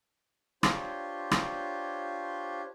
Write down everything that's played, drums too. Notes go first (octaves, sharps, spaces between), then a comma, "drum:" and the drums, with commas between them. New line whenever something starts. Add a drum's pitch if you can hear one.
D4 F4 G4 C5 C#5, drum: rim click
drum: rim click